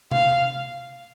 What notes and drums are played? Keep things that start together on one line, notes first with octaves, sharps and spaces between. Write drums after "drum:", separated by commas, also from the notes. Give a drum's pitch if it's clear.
F5, drum: tom C3